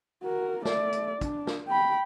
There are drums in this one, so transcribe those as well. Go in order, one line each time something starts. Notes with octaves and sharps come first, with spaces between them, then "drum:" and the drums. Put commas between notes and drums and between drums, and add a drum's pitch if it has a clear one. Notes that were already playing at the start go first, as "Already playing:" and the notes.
F#4 A#4
A3 D5, drum: snare
drum: hi-hat
D4, drum: kick, hi-hat
drum: snare
G5 B5